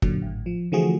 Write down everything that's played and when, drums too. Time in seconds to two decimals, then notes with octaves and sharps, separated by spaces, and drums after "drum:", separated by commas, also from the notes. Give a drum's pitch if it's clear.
0.02 F#2 A#2 D3 F#3, drum: kick
0.22 G#1 A2
0.46 F3
0.72 D3 E3 F3 A3 F#4 G#4